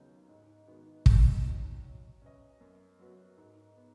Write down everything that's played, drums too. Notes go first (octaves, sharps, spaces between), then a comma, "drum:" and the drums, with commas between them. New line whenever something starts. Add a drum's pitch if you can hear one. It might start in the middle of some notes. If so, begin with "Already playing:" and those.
Already playing: D#2 C#3 F#3 B3 D#4
G#2
D#3 G#3 B3 F#4
C#2, drum: kick
B2 F#3 D#4
F#3
C#4 B4 D#5
F#2
F#3 B3 F#4 B4
G#2
B3